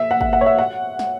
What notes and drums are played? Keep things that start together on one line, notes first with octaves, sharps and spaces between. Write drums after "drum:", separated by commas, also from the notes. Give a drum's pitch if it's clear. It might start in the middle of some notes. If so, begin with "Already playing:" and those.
Already playing: E5
F#5
F#5, drum: kick
F#5
C#5
E5
F#5
drum: snare